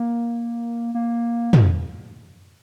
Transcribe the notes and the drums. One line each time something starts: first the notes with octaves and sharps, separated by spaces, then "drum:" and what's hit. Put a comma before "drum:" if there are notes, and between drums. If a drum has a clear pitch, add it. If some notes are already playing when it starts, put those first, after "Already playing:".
Already playing: A#3
A#3
drum: tom